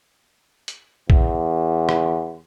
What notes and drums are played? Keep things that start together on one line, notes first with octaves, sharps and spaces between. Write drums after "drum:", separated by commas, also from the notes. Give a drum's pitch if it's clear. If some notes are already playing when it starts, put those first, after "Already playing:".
drum: hi-hat
E2, drum: kick
drum: rim click